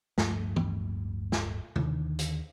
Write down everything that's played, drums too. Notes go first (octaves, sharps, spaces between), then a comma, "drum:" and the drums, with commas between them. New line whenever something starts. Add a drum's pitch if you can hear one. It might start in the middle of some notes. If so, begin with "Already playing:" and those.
D1 G2 F3 A3, drum: snare
drum: tom
drum: snare
D#2 D3 D#3, drum: tom
drum: hi-hat